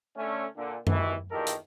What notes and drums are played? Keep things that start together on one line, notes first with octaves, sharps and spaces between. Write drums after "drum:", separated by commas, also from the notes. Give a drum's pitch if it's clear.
D3 A3 C#4
A#2 D3
C2 B2 D#3 E3, drum: tom F#2
E2 A#2 D#3 G4 A4 A#4
drum: hi-hat